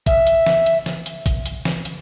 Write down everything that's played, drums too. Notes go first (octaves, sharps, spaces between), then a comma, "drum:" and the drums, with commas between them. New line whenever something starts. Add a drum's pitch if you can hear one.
E5, drum: kick, hi-hat
drum: hi-hat
drum: snare
drum: hi-hat
drum: snare
drum: hi-hat
drum: kick, hi-hat
drum: hi-hat
drum: snare
drum: hi-hat